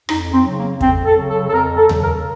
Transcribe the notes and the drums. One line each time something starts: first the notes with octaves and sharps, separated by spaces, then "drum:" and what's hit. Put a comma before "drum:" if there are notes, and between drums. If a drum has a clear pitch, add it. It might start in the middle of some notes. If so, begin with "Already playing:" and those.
F2 D#4, drum: rim click
C4
C#3 F#3
A#3
F2 C4, drum: kick
A4
C#3 F#3
A4
A4
F2 A#4
A4
C#3 F#3, drum: tom D#2
A#4